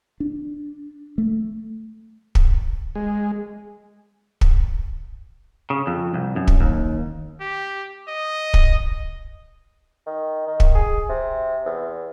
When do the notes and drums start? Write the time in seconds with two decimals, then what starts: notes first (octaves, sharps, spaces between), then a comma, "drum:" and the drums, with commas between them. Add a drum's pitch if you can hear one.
0.20 D4
1.18 A3
2.35 drum: kick
2.95 G#3
4.41 drum: kick
5.70 C#3
5.87 F2
6.14 C2
6.36 F#2
6.48 drum: kick
6.61 D#2
7.41 G4
8.08 D#5
8.54 drum: kick
10.06 D#3
10.47 D#3
10.60 drum: kick
10.75 G#4
11.09 C3
11.65 E2